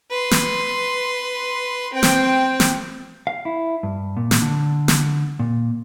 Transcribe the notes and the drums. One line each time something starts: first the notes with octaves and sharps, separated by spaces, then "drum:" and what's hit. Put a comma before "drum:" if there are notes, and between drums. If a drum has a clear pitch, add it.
B4 C6
drum: snare
C4 G5
drum: snare
drum: snare
F5
E4
G2
A#2
drum: snare
D3
drum: snare
A#2